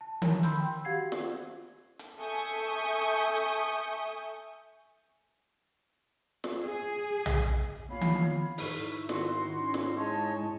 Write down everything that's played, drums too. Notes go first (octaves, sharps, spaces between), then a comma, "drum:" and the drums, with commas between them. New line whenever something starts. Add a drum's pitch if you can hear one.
A5
A#4 C#5 G#5 A#5, drum: tom D#3
B5 C6 E6 G6, drum: hi-hat
G5
F#4 G4 F5 F#5 G#6 C7
drum: snare
drum: hi-hat
A4 E5 G#5 C#6 D#6 G6
drum: snare
G#4
drum: tom
A#3 B3 F4 C#5 F5 B5
drum: tom D#3
G#2 D#4 E4 E5 C#6, drum: open hi-hat
D#3 F#4 C6, drum: snare
C#4
drum: snare
G#3 C#5 D#5 G#5 A5